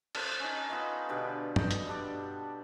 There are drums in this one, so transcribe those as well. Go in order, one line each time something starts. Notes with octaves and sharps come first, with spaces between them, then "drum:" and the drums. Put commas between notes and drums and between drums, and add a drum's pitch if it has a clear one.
A4 C5 G5, drum: cymbal
C#4 D#4
B3 F4 D#5
B2 D3 B3 G4
A4 D#5 G5, drum: tom
drum: hi-hat
G3 D4 D5